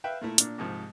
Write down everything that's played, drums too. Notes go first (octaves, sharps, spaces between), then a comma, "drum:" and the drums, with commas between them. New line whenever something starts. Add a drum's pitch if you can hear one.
B4 E5 F5 G5
A#2 A3 E4
A#2 D4, drum: hi-hat
C2 G#2 F3